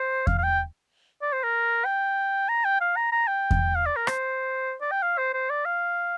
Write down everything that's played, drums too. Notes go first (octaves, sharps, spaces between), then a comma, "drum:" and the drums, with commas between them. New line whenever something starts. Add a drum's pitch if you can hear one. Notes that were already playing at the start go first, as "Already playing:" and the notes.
Already playing: C5
F5, drum: kick E2
F5
G5
D5
C5
A#4
G5
A#5
G5
F5
A#5
A#5
G5
drum: kick E2
F5
D5
A#4
C5, drum: rim click
D5
G5
F5
C5
C5
D5
F5